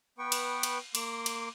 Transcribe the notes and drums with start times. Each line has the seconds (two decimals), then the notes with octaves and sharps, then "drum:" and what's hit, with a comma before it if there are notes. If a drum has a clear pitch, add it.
0.18 B3 B4 G5 C#6
0.32 drum: cymbal
0.63 drum: cymbal
0.95 A#3 C6 D6, drum: cymbal
1.26 drum: cymbal